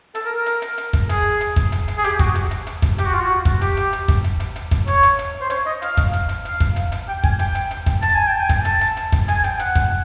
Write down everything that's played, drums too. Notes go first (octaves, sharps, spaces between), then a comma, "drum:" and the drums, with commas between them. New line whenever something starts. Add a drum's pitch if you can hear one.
A4, drum: hi-hat
A#4
A#4
drum: hi-hat
drum: hi-hat
drum: hi-hat
drum: kick, hi-hat
G#4, drum: hi-hat
drum: hi-hat
drum: kick, hi-hat
drum: hi-hat
drum: hi-hat
G#4
G4, drum: hi-hat
F#4, drum: kick, hi-hat
drum: hi-hat
drum: hi-hat
drum: hi-hat
drum: kick, hi-hat
G4, drum: hi-hat
F#4
F4
F#4
drum: kick, hi-hat
G4, drum: hi-hat
drum: hi-hat
drum: hi-hat
drum: kick, hi-hat
drum: hi-hat
drum: hi-hat
drum: hi-hat
drum: kick, hi-hat
C#5, drum: hi-hat
drum: hi-hat
drum: hi-hat
C5
C#5, drum: hi-hat
D#5
F5, drum: hi-hat
drum: kick, hi-hat
drum: hi-hat
drum: hi-hat
F5, drum: hi-hat
drum: kick, hi-hat
drum: hi-hat
drum: hi-hat
G5
G#5, drum: kick
G5, drum: hi-hat
drum: hi-hat
drum: hi-hat
drum: kick, hi-hat
A5, drum: hi-hat
G#5
G5
G#5
drum: kick, hi-hat
A5, drum: hi-hat
drum: hi-hat
drum: hi-hat
drum: kick, hi-hat
G#5, drum: hi-hat
G#5
G5, drum: hi-hat
F#5, drum: hi-hat
drum: kick, hi-hat